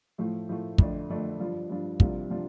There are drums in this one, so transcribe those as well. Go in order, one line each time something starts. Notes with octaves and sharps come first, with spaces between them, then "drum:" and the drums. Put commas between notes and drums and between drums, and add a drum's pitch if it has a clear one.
A2 F3 A3
A2 F3 A3
F2 D3 A3 D4, drum: kick
F2 D3 A3 D4
G2 F3 D4 F4
G2 F3 D4 F4
C2 C3 F3 D4 F4, drum: kick
C3 F3 D4 F4